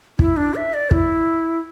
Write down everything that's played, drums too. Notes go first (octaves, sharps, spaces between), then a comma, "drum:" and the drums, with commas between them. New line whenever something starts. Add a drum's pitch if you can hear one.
E4, drum: kick
D4
E5
D5
E4, drum: kick